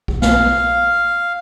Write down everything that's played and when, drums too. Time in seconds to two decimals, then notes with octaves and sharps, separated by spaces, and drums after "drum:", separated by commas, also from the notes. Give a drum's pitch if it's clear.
0.08 drum: kick B1
0.22 F5, drum: snare